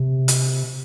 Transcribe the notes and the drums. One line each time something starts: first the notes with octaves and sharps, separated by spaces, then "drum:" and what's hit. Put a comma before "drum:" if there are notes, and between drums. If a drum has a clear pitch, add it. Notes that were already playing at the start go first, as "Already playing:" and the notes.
Already playing: C3
drum: hi-hat